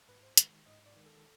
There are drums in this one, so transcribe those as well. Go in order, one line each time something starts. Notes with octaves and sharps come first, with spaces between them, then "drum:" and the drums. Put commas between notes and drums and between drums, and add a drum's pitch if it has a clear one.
G#2 B4
C5
D#3 G#3, drum: hi-hat
G#2 D#5
D5
D#3 G#3
A4